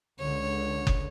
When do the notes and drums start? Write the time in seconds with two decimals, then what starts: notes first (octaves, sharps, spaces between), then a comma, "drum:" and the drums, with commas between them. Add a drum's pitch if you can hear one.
0.19 C#2 D3 C#5
0.87 drum: kick F#1